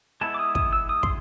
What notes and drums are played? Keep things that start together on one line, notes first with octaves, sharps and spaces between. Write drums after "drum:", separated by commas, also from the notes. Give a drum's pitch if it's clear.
G#3 B3 E4 A5
D6
D#6
D#6, drum: kick
E6
D#6
C6, drum: kick